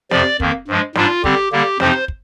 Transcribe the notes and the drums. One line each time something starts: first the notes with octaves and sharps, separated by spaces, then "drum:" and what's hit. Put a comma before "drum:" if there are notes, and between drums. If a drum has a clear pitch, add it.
F2 C3 F3 D5, drum: snare
F2 D#3 A#3, drum: kick
G2 F3 G#3
G#2 G3 D4 F4, drum: snare
D3 G3 C4 G4, drum: kick
D3 G3 A#3 G4
F2 C3 F3 C4 D#4 C5, drum: snare
drum: kick